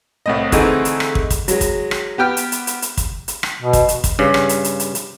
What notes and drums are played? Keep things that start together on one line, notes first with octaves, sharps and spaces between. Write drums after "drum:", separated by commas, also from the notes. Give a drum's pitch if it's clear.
C2 A2 D#5
D3 E3 A3 C4 D#4 G#4, drum: kick, hi-hat
drum: hi-hat
drum: rim click
drum: kick
drum: kick, hi-hat
F#3 G#3, drum: hi-hat
drum: kick, hi-hat
drum: rim click
B3 G4 G5 F6
drum: hi-hat
drum: hi-hat
drum: hi-hat
drum: hi-hat
drum: kick, hi-hat
drum: hi-hat
drum: rim click
B2
drum: kick, hi-hat
drum: hi-hat
drum: kick, hi-hat
G2 C#3
drum: rim click
drum: hi-hat
drum: hi-hat
drum: hi-hat
drum: hi-hat